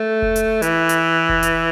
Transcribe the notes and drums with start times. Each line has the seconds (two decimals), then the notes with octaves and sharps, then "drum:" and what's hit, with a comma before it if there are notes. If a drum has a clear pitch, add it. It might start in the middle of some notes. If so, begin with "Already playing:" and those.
Already playing: A3
0.22 drum: kick F1
0.36 drum: hi-hat
0.62 E3, drum: hi-hat
0.89 drum: hi-hat
1.29 drum: kick F1
1.43 drum: hi-hat